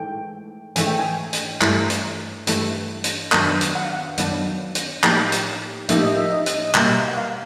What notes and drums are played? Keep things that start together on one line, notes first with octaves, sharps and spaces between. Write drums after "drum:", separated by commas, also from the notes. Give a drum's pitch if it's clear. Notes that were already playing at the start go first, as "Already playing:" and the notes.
Already playing: G#2 E3 A3 G5
G#2 E3 A3 G#5, drum: hi-hat
G5
G#5
drum: hi-hat
G2 E3 A3, drum: clap
drum: hi-hat
G2 E3 A3, drum: hi-hat
drum: hi-hat
F#2 D#3 F#3 B3 D4 A5, drum: clap
drum: hi-hat
F#5
F5
F#5
F#2 D#3 F#3 B3 D4, drum: hi-hat
drum: hi-hat
A2 F3 A#3 D#4 G4, drum: clap
drum: hi-hat
A2 F3 A#3 D#4 G4 E5, drum: hi-hat
D#5
E5
D#5
drum: hi-hat
D#5
B2 G3 A#3 E5, drum: clap
F#5
F5